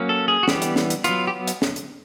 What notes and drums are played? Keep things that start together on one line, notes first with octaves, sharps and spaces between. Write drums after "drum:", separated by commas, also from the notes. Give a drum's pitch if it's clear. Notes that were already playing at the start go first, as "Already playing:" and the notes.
Already playing: F#3 A#3 C#4
A4
G#4
F#4
E3 G3 B3 G4, drum: snare
drum: hi-hat
drum: snare
drum: hi-hat
F#3 B3 F4, drum: hi-hat
G4
drum: hi-hat
drum: snare
drum: hi-hat